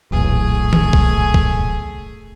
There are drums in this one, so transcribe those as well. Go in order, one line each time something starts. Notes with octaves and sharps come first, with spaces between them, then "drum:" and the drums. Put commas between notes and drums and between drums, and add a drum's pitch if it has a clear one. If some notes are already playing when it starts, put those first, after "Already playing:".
D1 B1 E2 A#2 A3 G#4 G#5
drum: tom D#3
drum: kick
drum: kick